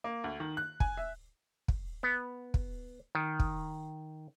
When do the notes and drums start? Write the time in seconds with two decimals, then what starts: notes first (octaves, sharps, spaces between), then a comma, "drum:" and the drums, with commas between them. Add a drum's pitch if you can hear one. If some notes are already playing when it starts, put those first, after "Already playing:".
0.04 A#3
0.24 D2
0.40 D#3
0.57 F#6
0.80 G#5, drum: kick
0.97 E5
1.68 drum: kick
2.03 B3
2.54 drum: kick
3.15 D#3
3.40 drum: kick